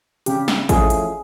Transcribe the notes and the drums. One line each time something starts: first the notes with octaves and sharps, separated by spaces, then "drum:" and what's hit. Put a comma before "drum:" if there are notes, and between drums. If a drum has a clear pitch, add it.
C#3 G4, drum: hi-hat
drum: snare
F3 A3 C#4 E4 G#4, drum: kick A1, hi-hat
drum: hi-hat